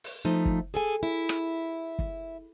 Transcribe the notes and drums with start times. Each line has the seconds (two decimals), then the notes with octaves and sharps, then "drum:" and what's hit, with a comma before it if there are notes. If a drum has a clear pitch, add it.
0.04 drum: open hi-hat
0.25 F3 A3 D#4
0.46 drum: kick
0.74 G#4 A4 G#5
1.03 E4
1.29 drum: rim click
1.99 drum: kick